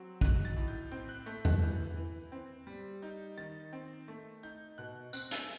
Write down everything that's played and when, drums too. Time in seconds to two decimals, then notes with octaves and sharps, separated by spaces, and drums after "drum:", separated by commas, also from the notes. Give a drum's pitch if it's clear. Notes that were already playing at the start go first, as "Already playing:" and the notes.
Already playing: F#3 C4
0.21 D#4 F#6, drum: kick
0.45 A6
0.57 A2
0.68 G6
0.91 C4 G6
1.09 F#6
1.26 A3 G6
1.45 F#6, drum: tom E2
1.62 E3 G6
1.97 E3
2.32 C4
2.67 G3
3.02 D#4 G6
3.37 D#3 A6
3.73 C4
4.08 A3
4.43 D#4 G6
4.78 B2 F#6
5.13 C4 F#6, drum: tambourine
5.31 E6, drum: hi-hat